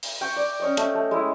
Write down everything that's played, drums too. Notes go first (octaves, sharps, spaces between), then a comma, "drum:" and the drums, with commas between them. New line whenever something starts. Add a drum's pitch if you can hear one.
drum: open hi-hat
G5 C#6
D5
C#4 C#5 D#5
A3, drum: hi-hat
A3
G#3 E4